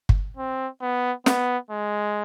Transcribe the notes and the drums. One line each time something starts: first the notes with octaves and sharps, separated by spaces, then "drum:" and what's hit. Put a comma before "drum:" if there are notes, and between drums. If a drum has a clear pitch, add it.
drum: kick
C4
B3
B3, drum: snare
G#3